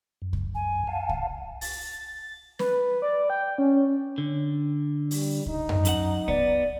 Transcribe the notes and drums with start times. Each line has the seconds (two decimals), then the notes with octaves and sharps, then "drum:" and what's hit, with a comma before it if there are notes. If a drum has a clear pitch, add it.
0.22 F#2
0.33 drum: kick C2
0.55 G#5
0.87 F5 F#5 A5
1.09 drum: kick C2
1.61 A6, drum: open hi-hat
2.59 B4, drum: snare
3.02 D5
3.30 G5
3.58 C#4
4.18 D3
5.11 G3, drum: open hi-hat
5.46 D#4, drum: kick C2
5.69 drum: tom F#2
5.85 F#2 A4 F#5, drum: hi-hat
6.28 B3 D5, drum: kick C2